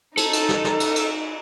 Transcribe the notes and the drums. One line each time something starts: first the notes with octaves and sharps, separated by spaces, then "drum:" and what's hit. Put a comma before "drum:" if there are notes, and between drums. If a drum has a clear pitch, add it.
D#4 A4, drum: cymbal
drum: cymbal
drum: snare
drum: snare
drum: cymbal
drum: cymbal